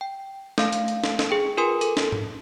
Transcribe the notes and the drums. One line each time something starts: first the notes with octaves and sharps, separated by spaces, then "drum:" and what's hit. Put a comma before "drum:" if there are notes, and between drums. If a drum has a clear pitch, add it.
G5
A3 F5, drum: snare
drum: hi-hat
drum: hi-hat
drum: snare
drum: snare
G#4 G5
F4 A#4 B4 G#5 C6 D#6
A4, drum: hi-hat
drum: snare
drum: tom G#2